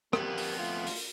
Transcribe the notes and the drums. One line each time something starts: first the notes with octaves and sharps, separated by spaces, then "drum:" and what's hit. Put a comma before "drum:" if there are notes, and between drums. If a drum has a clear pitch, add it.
F2 A#3 B3 G4, drum: rim click
drum: open hi-hat
A3 F4
drum: open hi-hat